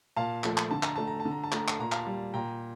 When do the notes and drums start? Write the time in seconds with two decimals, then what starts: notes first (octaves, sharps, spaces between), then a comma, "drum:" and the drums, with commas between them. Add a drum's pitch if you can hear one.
0.17 A#2 F5 A5
0.44 F3 A3, drum: clap
0.57 drum: clap
0.71 D3 A5
0.83 A#5, drum: clap
0.96 A3 A5
1.07 A#5
1.20 A5
1.25 D3
1.31 A#5
1.44 A5
1.52 A3 A#5, drum: clap
1.68 A5, drum: clap
1.79 A#2 A#5
1.92 F5 A5, drum: clap
2.07 G3
2.34 A#2 G5 A#5